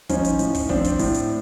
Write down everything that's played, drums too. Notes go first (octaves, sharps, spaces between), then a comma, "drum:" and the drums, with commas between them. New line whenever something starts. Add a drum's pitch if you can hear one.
F3 C#4 D#4, drum: kick, hi-hat
drum: hi-hat
A2, drum: hi-hat
drum: kick, open hi-hat
F3 C4 D4, drum: kick
drum: kick, hi-hat
A2, drum: open hi-hat
drum: hi-hat